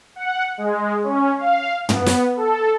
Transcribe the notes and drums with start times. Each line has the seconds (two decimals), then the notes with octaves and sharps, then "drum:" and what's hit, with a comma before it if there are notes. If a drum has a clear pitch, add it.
0.16 F#5
0.58 G#3
1.04 C#4
1.38 F5
1.89 B3, drum: tom
2.06 drum: snare
2.36 A4